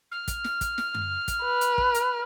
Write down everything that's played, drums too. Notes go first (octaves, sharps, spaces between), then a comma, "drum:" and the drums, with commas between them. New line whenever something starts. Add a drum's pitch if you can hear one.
F6
drum: kick, hi-hat
drum: snare
drum: kick, hi-hat
drum: snare
drum: tom F#2
drum: kick, hi-hat
B4
drum: hi-hat
drum: kick
drum: hi-hat